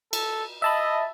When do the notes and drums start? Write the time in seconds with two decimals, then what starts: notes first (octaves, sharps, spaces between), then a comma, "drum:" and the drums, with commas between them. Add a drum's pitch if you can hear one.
0.13 A4, drum: cymbal
0.62 D#5 E5 A5 B5